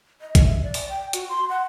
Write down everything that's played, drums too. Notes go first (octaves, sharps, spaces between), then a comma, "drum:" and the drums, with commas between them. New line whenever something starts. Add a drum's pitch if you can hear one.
D#5
drum: kick, hi-hat
E5
D5
drum: open hi-hat
G5
F#4, drum: hi-hat
C6
F#5